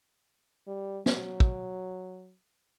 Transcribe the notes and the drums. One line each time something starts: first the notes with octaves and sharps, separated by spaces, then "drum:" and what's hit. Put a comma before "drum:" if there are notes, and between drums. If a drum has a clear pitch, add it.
G3
F#3, drum: snare
drum: kick